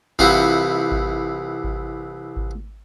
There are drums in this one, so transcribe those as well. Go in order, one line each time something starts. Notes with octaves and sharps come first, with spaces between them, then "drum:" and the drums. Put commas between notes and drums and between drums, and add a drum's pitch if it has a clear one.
C2 C3 E3 F4 F#4 F#5, drum: kick G#1
drum: kick G#1
drum: kick G#1
drum: kick G#1